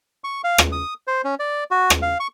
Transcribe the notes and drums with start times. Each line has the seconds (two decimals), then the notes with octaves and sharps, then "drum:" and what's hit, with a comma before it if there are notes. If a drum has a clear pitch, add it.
0.24 C#6
0.44 F5
0.58 drum: rim click
0.72 D#6
1.07 C5
1.24 C#4
1.39 D5
1.71 F#4
1.90 drum: rim click
2.02 F5
2.20 C#6